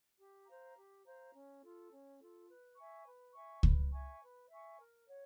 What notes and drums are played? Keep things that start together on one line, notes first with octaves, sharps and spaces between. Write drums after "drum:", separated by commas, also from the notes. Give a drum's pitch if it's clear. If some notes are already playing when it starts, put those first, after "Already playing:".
G4
C5 F5 A#5
G4
C5 F5 A#5
C#4
F4 A4
C#4
F4 A4
B4
E5 G#5 C#6
B4
E5 G#5 C#6
B4, drum: kick C#2
E5 G#5 C#6
B4
E5 G#5 C#6
A#4
C#5 F#5